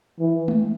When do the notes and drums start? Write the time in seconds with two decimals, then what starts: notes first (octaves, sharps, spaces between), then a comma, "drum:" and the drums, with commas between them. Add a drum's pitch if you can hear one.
0.20 E3
0.48 drum: tom G#3